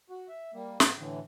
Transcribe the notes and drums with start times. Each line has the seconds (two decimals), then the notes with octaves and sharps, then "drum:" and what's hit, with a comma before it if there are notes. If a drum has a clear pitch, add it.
0.10 F#4
0.28 E5
0.54 G3 A#3
0.80 G#2, drum: snare
0.98 A2 D3 E3